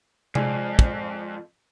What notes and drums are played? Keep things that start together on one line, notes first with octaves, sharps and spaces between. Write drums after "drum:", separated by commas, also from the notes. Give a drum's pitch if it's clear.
F2 G#3 D5 G#5, drum: tom C3
drum: kick